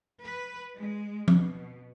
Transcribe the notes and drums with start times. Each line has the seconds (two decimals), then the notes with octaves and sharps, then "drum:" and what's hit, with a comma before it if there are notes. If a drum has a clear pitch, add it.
0.23 B4
0.77 G#3
1.28 B2, drum: tom